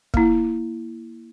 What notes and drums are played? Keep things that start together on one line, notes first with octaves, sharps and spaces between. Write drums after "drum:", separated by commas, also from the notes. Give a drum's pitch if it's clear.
A#3 E4, drum: kick